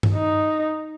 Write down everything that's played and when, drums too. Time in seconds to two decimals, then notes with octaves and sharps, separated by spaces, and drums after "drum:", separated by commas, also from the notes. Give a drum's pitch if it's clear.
0.03 drum: tom G2
0.13 D#4